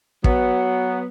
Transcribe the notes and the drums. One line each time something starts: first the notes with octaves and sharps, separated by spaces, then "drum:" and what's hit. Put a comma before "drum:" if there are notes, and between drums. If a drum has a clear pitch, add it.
F#3 B3, drum: kick